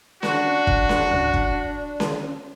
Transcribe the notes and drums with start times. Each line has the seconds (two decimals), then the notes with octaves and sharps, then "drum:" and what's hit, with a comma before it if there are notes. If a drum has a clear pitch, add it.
0.23 D4 F#4, drum: snare C#4
0.67 drum: kick
0.89 drum: snare C#4
1.11 drum: tom C2
1.33 drum: kick
2.00 drum: snare C#4